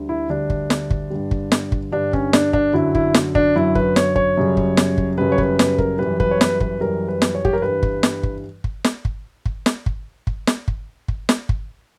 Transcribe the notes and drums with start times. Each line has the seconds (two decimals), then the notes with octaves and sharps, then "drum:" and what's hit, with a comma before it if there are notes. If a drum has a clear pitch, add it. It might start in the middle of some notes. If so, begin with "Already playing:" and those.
Already playing: D2 D3 G3
0.09 E4
0.29 D2 D3 G3 D4
0.50 drum: kick
0.70 drum: snare
0.91 drum: kick
1.10 G2 D3 G3
1.31 drum: kick
1.52 drum: snare
1.72 drum: kick
1.92 G2 D3 G3 D4
2.13 C#4, drum: kick
2.33 D4, drum: snare
2.53 D4, drum: kick
2.73 F#2 D3 F#3 E4
2.95 E4, drum: kick
3.14 drum: snare
3.35 D4, drum: kick
3.56 F#2 D3 F#3 E4
3.75 B4, drum: kick
3.96 C#5, drum: snare
4.16 C#5, drum: kick
4.37 F#2 C#3 G3
4.57 drum: kick
4.77 drum: snare
4.98 drum: kick
5.18 F#2 C#3 G3 B4
5.32 C#5
5.38 B4, drum: kick
5.59 B4, drum: snare
5.78 A#4, drum: kick
5.99 F#2 E3 G3 B4
6.20 B4, drum: kick
6.31 C#5
6.41 B4, drum: snare
6.60 B4, drum: kick
6.81 F#2 E3 G3 A#4
7.08 B4
7.22 drum: snare
7.35 C#5
7.45 G4, drum: kick
7.53 A#4
7.62 G2 E3 G3 B4
7.83 drum: kick
8.03 drum: snare
8.23 drum: kick
8.64 drum: kick
8.84 drum: snare
9.05 drum: kick
9.46 drum: kick
9.66 drum: snare
9.86 drum: kick
10.27 drum: kick
10.47 drum: snare
10.68 drum: kick
11.08 drum: kick
11.29 drum: snare
11.49 drum: kick